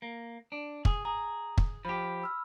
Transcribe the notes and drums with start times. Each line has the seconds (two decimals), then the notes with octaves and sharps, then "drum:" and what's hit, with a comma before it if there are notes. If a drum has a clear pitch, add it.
0.02 A#3
0.52 D4
0.85 G#4, drum: kick
1.05 G#4 A#5
1.58 drum: kick
1.85 F3 G4 B5 B6
2.22 B5 E6 F6